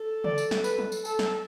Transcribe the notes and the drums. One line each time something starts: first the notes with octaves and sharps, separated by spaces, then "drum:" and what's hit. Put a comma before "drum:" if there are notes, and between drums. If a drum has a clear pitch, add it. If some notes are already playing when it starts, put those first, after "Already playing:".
Already playing: A4
D5, drum: tom C#3
drum: tambourine
drum: snare
B4, drum: tambourine
drum: tom F3
drum: tambourine
A4, drum: tambourine
drum: snare